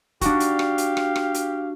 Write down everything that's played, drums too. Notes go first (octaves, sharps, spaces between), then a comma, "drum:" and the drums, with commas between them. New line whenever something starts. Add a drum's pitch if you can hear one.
D4 F#4 G4 F5, drum: kick, hi-hat
drum: hi-hat
drum: rim click
drum: hi-hat
drum: rim click
drum: rim click
drum: hi-hat